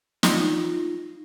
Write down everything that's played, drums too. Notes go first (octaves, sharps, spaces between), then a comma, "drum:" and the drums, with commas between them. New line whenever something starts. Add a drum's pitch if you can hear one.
D#4 F4, drum: snare